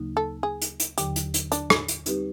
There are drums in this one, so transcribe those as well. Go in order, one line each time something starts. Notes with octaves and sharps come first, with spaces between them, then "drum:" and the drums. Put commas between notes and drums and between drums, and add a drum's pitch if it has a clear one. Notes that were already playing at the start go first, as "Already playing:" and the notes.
Already playing: D2 C#3 F#3 A#3 D#4
A4
G#4
drum: hi-hat
drum: hi-hat
D#2 D3 F#3 G4, drum: hi-hat
drum: hi-hat
drum: hi-hat
D4, drum: hi-hat
drum: rim click
drum: hi-hat
G3 C4 D#4 G4 B4, drum: hi-hat